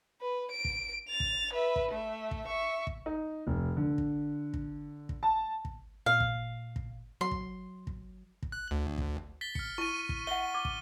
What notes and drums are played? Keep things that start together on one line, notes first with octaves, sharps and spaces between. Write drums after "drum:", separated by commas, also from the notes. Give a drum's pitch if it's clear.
B4
D7
drum: kick
A6 F7
drum: kick
B4 E5
drum: kick
A3 E5
drum: kick
E5 C#6
drum: kick
D#4
F1
D3
drum: kick
drum: kick
drum: kick
A5
drum: kick
A#2 F5
drum: kick
drum: kick
F#3 C6
drum: kick
drum: kick
drum: kick
F#6
D2
drum: kick
A6 B6 G7
F6 C#7, drum: kick
E4 C#6 D#7
drum: kick
E5 F#5 G7
D6
drum: kick